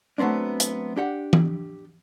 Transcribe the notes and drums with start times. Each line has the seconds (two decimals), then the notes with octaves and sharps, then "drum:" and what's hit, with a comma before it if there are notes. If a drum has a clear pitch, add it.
0.18 F#3 A3 B3 C4 D4
0.60 drum: hi-hat
0.96 D4 G4 F#5
1.33 drum: tom E3